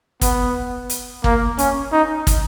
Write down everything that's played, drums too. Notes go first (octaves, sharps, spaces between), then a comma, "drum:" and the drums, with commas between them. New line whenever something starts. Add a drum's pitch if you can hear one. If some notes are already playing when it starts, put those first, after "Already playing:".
B3, drum: kick, hi-hat
drum: hi-hat
A#3, drum: kick
C#4, drum: hi-hat
D#4
drum: kick, hi-hat